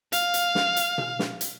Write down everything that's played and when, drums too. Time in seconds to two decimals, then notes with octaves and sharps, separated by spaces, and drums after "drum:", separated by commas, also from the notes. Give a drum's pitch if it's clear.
0.12 F5, drum: hi-hat
0.34 drum: hi-hat
0.55 drum: snare
0.77 drum: hi-hat
0.98 drum: tom B2
1.19 drum: snare
1.41 drum: hi-hat